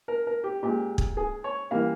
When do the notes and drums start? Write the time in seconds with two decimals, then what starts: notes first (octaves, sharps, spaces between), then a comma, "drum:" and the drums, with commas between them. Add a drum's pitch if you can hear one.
0.08 A#4
0.27 A#4
0.44 G4
0.63 A#2 G#3 G4
0.98 drum: kick
1.17 G#4
1.44 C#5
1.71 E3 G3 A#3 F5